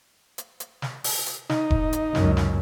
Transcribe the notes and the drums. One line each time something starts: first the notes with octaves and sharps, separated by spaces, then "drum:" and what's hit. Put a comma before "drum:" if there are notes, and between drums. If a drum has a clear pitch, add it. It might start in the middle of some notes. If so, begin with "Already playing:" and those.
drum: hi-hat
drum: hi-hat
drum: snare
drum: open hi-hat
drum: hi-hat
D#4, drum: snare
drum: kick E1
drum: hi-hat
C#2 F#2, drum: snare
drum: snare